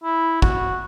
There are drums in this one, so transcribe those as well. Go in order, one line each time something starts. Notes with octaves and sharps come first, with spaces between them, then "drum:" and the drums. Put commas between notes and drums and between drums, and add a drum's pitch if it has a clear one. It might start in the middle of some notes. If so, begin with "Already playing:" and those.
E4
F#4, drum: kick